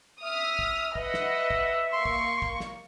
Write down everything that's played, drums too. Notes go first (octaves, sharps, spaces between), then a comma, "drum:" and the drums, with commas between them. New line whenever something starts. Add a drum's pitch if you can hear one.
E5 D#6 F6
drum: kick
B4 D#5 E5 F#5, drum: kick
drum: snare
drum: kick
A#3 C6 C#6
drum: kick
drum: kick
drum: snare